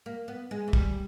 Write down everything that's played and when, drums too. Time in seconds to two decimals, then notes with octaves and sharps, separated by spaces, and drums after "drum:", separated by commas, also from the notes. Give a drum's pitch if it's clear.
0.06 A#3
0.28 B3
0.51 G#3
0.68 E3
0.73 G3, drum: kick